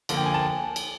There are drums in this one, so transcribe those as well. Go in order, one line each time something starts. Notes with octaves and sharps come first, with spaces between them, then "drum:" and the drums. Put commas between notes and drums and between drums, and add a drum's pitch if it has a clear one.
D3 F3 A#3, drum: cymbal
G5
G#5
A5
drum: cymbal